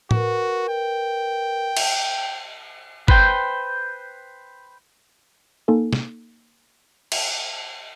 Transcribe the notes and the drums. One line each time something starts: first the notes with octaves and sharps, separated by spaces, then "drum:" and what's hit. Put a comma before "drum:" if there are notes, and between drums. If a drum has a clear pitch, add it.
F#4 A#4 B4, drum: tom A2
G5
drum: cymbal
B4 C5 G5, drum: kick G1
A#3 D#4 A4 G#5
drum: snare
drum: cymbal